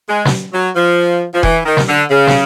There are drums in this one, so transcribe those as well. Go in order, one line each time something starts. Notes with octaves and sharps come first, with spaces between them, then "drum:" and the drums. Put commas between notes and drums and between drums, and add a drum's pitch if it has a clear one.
G#3
drum: snare
F#3
F3
F3
E3, drum: kick E1
D#3
drum: snare
D3
C#3
drum: snare